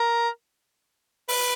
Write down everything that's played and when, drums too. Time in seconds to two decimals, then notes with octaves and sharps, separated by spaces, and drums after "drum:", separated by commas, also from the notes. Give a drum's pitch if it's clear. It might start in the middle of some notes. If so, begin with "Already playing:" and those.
Already playing: A#4
1.28 B4, drum: open hi-hat